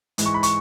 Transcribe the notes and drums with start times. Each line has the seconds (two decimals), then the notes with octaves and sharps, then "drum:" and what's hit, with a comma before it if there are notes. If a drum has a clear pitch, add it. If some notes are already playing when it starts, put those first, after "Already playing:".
0.18 G#2 E3 G#3, drum: hi-hat
0.26 C#6
0.34 B5
0.43 C#6, drum: hi-hat